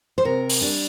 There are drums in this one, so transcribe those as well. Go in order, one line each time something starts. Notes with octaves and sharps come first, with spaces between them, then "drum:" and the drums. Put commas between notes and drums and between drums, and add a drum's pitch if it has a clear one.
C5
C3 A#4
drum: open hi-hat
G3 D4